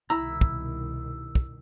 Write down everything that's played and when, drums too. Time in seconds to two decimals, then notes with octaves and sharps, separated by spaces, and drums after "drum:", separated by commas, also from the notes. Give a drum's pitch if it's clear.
0.10 C2 B2 D#3 E4 A#5 E6
0.41 drum: kick
1.35 drum: kick